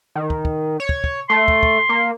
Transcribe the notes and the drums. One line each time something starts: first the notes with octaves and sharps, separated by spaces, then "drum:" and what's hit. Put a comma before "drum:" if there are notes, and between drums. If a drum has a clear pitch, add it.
D#3
drum: kick
drum: kick
C#5
drum: kick
drum: kick
A3 C6
drum: kick
drum: kick
A#3